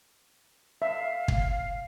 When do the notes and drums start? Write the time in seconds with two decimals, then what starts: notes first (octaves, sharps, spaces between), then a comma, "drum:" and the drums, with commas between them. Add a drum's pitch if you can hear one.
0.82 E5 F5
1.28 drum: kick